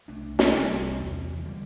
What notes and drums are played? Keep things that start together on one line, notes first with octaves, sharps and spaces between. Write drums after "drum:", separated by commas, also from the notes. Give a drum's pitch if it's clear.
C2 A3 D4
drum: snare
C2 G3 C4
E2
E3
G3
E3
D3 G3